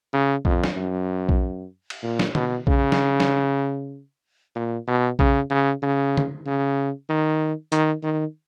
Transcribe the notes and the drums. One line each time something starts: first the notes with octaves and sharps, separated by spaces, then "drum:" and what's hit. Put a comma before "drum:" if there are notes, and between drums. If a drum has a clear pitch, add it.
C#3
F2, drum: kick A#1
drum: snare
F#2
drum: kick A#1
drum: cymbal
A#2
drum: snare
B2, drum: tom D3
C#3, drum: kick A#1
drum: snare
drum: snare
A#2
B2
C#3, drum: kick A#1
C#3
C#3
drum: tom D3
C#3
D#3
D#3, drum: hi-hat
D#3